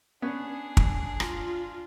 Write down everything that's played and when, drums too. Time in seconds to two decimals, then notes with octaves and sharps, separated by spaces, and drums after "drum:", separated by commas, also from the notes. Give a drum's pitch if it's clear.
0.22 B3 C#4 D4 G#4
0.77 drum: kick
1.20 F4, drum: rim click